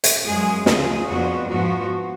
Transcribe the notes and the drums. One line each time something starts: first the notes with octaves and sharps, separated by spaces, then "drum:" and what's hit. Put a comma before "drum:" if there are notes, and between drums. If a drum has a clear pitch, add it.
drum: hi-hat
F#2 F3 G#3 G#4
D2 C#3 F3 G#4, drum: snare
F2 F3 B3 D4 F#4
G#2 F3 B3 F#4